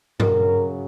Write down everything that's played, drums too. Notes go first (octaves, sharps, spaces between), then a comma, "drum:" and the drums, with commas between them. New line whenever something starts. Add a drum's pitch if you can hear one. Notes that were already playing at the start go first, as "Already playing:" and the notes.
F#2 C#3 F#3 A#4, drum: tom G2